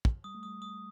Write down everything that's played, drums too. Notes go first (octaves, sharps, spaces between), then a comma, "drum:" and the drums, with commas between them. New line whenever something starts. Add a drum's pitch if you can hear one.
drum: kick
G3 D#6
A3
G3 D#6
D#6